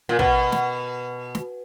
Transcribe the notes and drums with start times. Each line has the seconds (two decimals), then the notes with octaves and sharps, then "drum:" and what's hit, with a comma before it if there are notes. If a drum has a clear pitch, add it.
0.09 A#2
0.19 B2, drum: kick
0.52 drum: snare
1.35 drum: snare